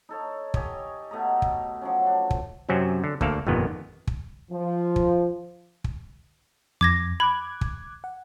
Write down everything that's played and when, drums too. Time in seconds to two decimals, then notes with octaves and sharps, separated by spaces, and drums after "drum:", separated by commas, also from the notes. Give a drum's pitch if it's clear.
0.09 D#4 A4 C#5
0.54 G4 C#5 D#5 G#5, drum: kick
1.11 B2 A3 D#5 A#5
1.42 drum: kick
1.81 F3 F#3 C#4
2.07 D4
2.31 drum: kick
2.69 F#2 C3 F#3 C4 C#4
3.04 D3
3.21 D2 A#3 A4 D5 F5, drum: kick
3.47 G1 F2 A#2 D#3 B3
4.07 drum: kick
4.52 F3
4.96 drum: kick
5.84 drum: kick
6.81 F2 D6 G#6 A#6
7.20 B5 D6 F#6 G#6
7.61 drum: kick
8.04 F#5